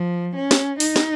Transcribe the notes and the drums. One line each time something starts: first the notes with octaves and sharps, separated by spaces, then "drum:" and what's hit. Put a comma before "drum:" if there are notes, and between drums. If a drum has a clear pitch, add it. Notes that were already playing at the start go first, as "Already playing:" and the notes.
Already playing: F3
C#4
drum: snare
D#4, drum: open hi-hat
drum: snare